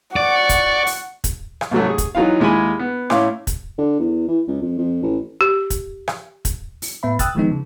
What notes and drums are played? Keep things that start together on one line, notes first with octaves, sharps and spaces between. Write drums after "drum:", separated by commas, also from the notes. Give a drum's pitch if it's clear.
D5 F#5 C#6
drum: kick, hi-hat
drum: open hi-hat
drum: kick, hi-hat
drum: rim click
C2 G#2 F#3 A3
G#4
drum: kick, hi-hat
E3 F#3 D#4 F4 F5
D#2 G#3 E4 G#5 B5
B3
A2 C#4 E4 F5 C6 D6, drum: rim click
drum: kick, hi-hat
D3
E2
E3
C#2
F2
F2
A1
G4
drum: kick, hi-hat
drum: rim click
drum: kick, hi-hat
drum: open hi-hat
A2 B3 E5 B5
G5 D#6 E6 F#6 A6, drum: kick, hi-hat
D#3 F3 G#3 B3 D#4
C#3